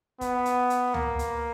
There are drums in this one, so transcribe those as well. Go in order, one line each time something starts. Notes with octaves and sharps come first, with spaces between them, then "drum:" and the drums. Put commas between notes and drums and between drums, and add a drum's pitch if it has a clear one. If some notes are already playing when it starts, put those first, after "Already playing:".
B3, drum: kick, hi-hat
drum: hi-hat
drum: hi-hat
A#3, drum: tom C#2
drum: hi-hat